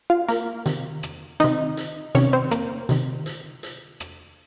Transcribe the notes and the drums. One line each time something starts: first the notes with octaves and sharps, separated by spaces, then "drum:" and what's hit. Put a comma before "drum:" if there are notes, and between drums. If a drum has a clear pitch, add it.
F4 F5
A#3 A#4, drum: hi-hat
C3 D#3, drum: hi-hat
drum: rim click
C3 D#3 D#4 D#5, drum: hi-hat
drum: hi-hat
C3 D#3 C#4 C#5, drum: hi-hat
C4 C5
A#3 A#4, drum: rim click
C3 D#3, drum: hi-hat
drum: hi-hat
drum: hi-hat
drum: rim click